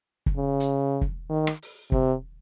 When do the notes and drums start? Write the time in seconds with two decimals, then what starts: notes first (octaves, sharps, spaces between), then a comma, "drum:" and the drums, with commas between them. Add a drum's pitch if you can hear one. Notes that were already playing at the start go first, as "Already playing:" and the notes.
0.26 drum: kick
0.37 C#3
0.60 drum: hi-hat
1.01 drum: kick
1.30 D#3
1.47 drum: rim click
1.62 drum: open hi-hat
1.92 C3, drum: kick